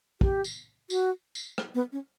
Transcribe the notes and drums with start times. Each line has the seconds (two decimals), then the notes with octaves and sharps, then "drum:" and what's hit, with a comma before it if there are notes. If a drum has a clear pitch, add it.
0.21 G4, drum: kick
0.44 drum: tambourine
0.90 F#4, drum: tambourine
1.35 drum: tambourine
1.58 drum: rim click
1.75 B3
1.92 C#4